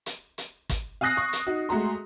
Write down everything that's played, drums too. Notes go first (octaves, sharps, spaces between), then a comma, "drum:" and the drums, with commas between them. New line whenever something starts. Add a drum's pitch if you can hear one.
drum: hi-hat
drum: hi-hat
drum: kick, hi-hat
F5 G#5 D#6 F#6 A#6 C7
C#6
drum: hi-hat
D#4 F#4
G#3 A3 F#4 A#5 C6